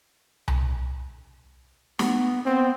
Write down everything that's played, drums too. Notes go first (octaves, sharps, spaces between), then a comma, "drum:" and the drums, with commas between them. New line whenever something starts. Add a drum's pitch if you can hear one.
drum: tom C2
B3, drum: snare
B3 C4